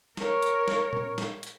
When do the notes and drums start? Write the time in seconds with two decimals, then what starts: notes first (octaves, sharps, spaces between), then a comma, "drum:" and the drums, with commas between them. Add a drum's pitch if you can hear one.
0.17 A#4 C#5, drum: snare
0.42 drum: hi-hat
0.68 drum: snare
0.93 drum: tom A#2
1.18 drum: snare
1.43 drum: hi-hat